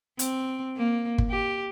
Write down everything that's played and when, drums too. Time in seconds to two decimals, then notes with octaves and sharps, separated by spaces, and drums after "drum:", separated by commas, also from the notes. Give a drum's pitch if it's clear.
0.19 C4, drum: hi-hat
0.77 A#3
1.18 drum: kick G1
1.30 G4